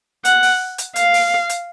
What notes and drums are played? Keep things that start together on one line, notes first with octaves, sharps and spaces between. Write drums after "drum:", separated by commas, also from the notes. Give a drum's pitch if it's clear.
F#5, drum: hi-hat
drum: open hi-hat
drum: hi-hat
F5, drum: hi-hat
drum: open hi-hat
drum: hi-hat